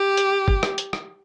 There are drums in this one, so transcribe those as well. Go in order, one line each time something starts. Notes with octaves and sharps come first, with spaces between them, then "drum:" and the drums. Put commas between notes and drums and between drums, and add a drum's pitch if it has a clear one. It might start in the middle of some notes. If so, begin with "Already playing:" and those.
Already playing: G4
drum: hi-hat
drum: kick
drum: rim click
drum: hi-hat
drum: rim click